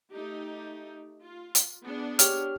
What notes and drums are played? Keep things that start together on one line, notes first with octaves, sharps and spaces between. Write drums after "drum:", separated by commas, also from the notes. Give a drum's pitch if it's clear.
A3 D#4 G4
F4
drum: hi-hat
B3 D4 G#4
G4 C#5 F6, drum: hi-hat